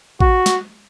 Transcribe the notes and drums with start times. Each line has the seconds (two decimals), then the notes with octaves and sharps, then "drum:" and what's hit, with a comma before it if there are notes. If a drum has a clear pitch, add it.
0.20 F#4, drum: kick A1
0.46 drum: snare